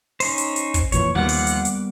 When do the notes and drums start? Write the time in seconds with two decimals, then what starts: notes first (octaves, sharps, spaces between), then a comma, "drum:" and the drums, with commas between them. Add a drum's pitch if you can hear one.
0.20 C#4 D#4 C5, drum: open hi-hat
0.38 drum: hi-hat
0.56 drum: hi-hat
0.74 drum: kick, hi-hat
0.92 F1 A#2 E3 C#5, drum: hi-hat
1.15 D#2 F3 G3 A#3 B3 F#5 D6
1.29 drum: open hi-hat
1.47 drum: hi-hat
1.65 drum: hi-hat